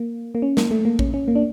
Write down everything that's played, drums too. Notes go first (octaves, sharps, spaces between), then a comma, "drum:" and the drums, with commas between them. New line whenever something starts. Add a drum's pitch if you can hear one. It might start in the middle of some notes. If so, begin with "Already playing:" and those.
Already playing: A#3
A#3
C#4
A#3, drum: snare
A3
A#3
C#4, drum: kick A1
C#4
A#3
D4